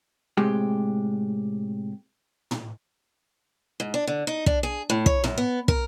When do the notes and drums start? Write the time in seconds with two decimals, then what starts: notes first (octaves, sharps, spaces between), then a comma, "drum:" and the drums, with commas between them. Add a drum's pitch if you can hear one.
0.37 A2 C3 G#3 G4
2.51 drum: tom
3.80 G#2
3.94 D4
4.07 D3
4.27 D#4
4.46 D4, drum: kick
4.63 G#4
4.90 A2
5.06 C#5, drum: kick
5.24 F#2, drum: tom
5.38 B3
5.68 A#4, drum: kick